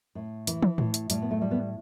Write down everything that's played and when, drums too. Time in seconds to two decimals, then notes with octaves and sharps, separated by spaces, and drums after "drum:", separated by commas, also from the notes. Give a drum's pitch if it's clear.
0.15 A2
0.47 E3, drum: hi-hat
0.63 drum: tom
0.78 A2, drum: tom A2
0.94 drum: hi-hat
1.10 A2 G3, drum: hi-hat
1.22 B3
1.31 A3
1.41 G3
1.51 B3